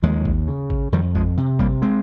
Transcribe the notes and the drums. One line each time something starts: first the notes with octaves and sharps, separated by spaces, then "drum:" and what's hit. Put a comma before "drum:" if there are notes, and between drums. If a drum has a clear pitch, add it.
D#2 F3 G#3
drum: kick G#1
C#3
drum: kick G#1
F2 D#3 G3
F3 G#3, drum: kick G#1
C3
G3 A#3, drum: kick G#1
G#3 C4